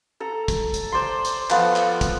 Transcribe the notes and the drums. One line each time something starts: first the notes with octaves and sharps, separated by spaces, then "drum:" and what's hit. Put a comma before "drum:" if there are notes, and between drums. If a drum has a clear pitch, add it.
A4 A#5
drum: kick, hi-hat
drum: hi-hat
C5 D5 C6
drum: hi-hat
F3 B3 A4, drum: clap
drum: clap
drum: kick, hi-hat